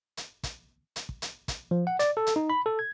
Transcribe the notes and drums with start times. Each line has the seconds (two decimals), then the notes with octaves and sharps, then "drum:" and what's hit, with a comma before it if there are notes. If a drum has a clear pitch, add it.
0.17 drum: hi-hat
0.43 drum: kick, hi-hat
0.96 drum: hi-hat
1.09 drum: kick
1.22 drum: hi-hat
1.48 drum: kick, hi-hat
1.71 F3
1.87 F#5
1.99 D5, drum: hi-hat
2.17 A4
2.27 drum: hi-hat
2.36 D#4
2.50 B5
2.66 A4
2.79 G#6